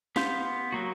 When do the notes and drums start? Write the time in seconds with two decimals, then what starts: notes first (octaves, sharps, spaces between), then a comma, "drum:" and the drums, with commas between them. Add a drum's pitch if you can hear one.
0.16 B3 G4 F5 C6 G6, drum: snare
0.72 F#3 A#3 F#4